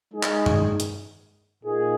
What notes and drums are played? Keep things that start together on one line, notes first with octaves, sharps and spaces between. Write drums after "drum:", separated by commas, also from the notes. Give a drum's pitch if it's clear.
G#3 D#4 G#4
drum: clap
drum: tom
drum: hi-hat
A#2 A#3 D#4 G#4